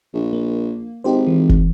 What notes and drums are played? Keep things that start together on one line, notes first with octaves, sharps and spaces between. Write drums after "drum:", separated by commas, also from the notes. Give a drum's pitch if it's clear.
A#1
A#3
G#1 D#4 G4 C5
E3
drum: kick